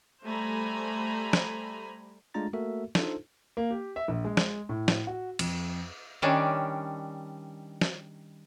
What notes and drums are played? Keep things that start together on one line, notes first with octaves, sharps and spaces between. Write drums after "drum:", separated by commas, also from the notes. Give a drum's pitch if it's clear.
G3 A3 C5 G#5 A#5 B5
drum: snare
G#3 A3 D4 F4 A#5 A6
A3 A#3 F#4 A4 A#4 E5
D4 D#4 F4 A4 C5, drum: snare
A#3
G4
E5
A#1
G#3
drum: snare
A2
drum: snare
F#4
F2, drum: cymbal
D#3 G3 C#4 D4
drum: snare